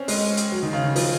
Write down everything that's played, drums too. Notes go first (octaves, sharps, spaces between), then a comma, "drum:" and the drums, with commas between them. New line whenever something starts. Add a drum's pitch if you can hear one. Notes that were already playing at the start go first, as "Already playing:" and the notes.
Already playing: C4 C#4
G#3, drum: open hi-hat
drum: hi-hat
F#3
D#3
C#3
D#3
F3, drum: open hi-hat